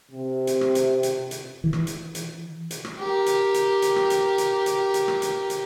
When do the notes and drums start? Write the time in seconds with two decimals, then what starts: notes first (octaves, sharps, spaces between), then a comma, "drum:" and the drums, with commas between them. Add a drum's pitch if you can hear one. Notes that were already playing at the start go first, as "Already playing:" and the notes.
0.11 C3
0.47 drum: hi-hat
0.61 drum: rim click
0.75 drum: hi-hat
1.03 drum: hi-hat
1.31 drum: hi-hat
1.64 E3
1.73 drum: rim click
1.87 drum: hi-hat
2.15 drum: hi-hat
2.71 drum: hi-hat
2.85 drum: rim click
2.98 G4 A#4
3.26 drum: hi-hat
3.54 drum: hi-hat
3.82 drum: hi-hat
3.96 drum: rim click
4.10 drum: hi-hat
4.38 drum: hi-hat
4.66 drum: hi-hat
4.94 drum: hi-hat
5.08 drum: rim click
5.22 drum: hi-hat
5.50 drum: hi-hat